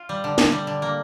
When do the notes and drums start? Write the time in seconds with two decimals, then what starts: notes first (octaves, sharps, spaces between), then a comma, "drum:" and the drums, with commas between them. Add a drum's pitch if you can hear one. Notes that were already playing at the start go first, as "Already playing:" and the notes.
Already playing: F4
0.09 G3
0.24 D3
0.38 D3, drum: snare D4
0.52 G3
0.67 D3
0.82 A#3